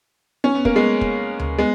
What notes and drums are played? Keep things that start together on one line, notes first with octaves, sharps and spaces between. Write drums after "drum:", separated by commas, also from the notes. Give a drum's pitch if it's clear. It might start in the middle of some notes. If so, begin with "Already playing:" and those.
C#4
B3
A#3, drum: kick
G#3 B3
drum: kick
drum: tom D2
G#3 B3